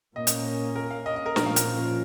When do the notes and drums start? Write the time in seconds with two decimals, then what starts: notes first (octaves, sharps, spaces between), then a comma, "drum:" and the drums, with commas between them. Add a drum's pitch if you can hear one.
0.15 A#2 A#3 C#4 D#5
0.27 drum: hi-hat
0.76 A#4
0.91 F5
1.06 D#5
1.16 D#5
1.26 A#4
1.36 A#2 F3 C#4 A#4, drum: snare
1.46 F5
1.56 A#4, drum: hi-hat